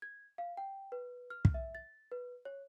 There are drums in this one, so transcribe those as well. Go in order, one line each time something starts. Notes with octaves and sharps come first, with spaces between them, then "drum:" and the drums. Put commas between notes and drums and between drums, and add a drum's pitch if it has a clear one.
G#6
F5
G5
B4
F6
drum: kick
E5
A6
B4
C#5